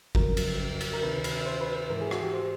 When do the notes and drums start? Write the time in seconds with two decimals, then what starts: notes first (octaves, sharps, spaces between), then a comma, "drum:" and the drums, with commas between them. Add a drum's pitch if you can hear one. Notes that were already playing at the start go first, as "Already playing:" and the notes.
0.15 F2 C#3 F#3 A#4, drum: kick G1
0.37 drum: cymbal
0.81 drum: cymbal
0.93 A#4
1.02 D2 C3 D#3 B4
1.24 B4, drum: cymbal
1.46 C5
1.61 B4
1.76 B4
1.90 G#2 E3 A#4
2.01 G#4
2.11 F#4, drum: rim click
2.23 G4
2.34 C5